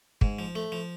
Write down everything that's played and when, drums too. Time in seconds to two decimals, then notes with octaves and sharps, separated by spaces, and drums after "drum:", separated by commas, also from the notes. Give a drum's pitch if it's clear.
0.21 G#2, drum: kick
0.39 F3
0.55 A3
0.72 F3